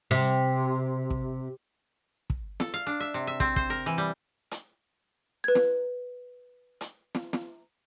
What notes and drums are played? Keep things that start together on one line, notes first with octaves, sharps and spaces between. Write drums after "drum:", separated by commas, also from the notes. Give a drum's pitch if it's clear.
C3
drum: kick
drum: kick
A4, drum: snare
F5
D4
E5
C3
E5
C4, drum: kick
C5, drum: kick
A#4
E3
G3
drum: hi-hat
B4 G#6
drum: snare
drum: hi-hat
drum: snare
drum: snare